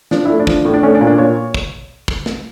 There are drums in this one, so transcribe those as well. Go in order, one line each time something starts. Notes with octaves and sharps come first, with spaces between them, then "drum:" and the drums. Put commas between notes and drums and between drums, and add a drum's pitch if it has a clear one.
F3 D4, drum: snare
A3 E4
D4
F3, drum: kick
A2
D4
A3 C#4
D4
A#2
D4
A#2 C#5
drum: kick
drum: kick
drum: snare